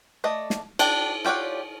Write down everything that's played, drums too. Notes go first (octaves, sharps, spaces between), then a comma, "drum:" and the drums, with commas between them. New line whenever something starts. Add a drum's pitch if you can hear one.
A3 D5 D#5
drum: snare
D4 F#4 D5 G5, drum: cymbal
F4 G4 C#5 D5 F#5